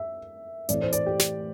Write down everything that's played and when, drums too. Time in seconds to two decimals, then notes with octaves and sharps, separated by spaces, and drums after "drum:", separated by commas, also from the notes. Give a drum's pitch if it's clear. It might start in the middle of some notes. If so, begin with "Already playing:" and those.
Already playing: E5
0.69 A2 E3 A3 C4 D5, drum: hi-hat
0.81 C5
0.93 D5, drum: hi-hat
1.06 G4
1.20 drum: snare